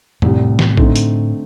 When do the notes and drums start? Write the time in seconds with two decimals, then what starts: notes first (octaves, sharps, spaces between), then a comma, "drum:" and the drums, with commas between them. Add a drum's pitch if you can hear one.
0.22 C2 A2 C3 G3, drum: tom
0.59 drum: snare E3
0.77 D3 A3 C4 D#4, drum: kick
0.96 drum: hi-hat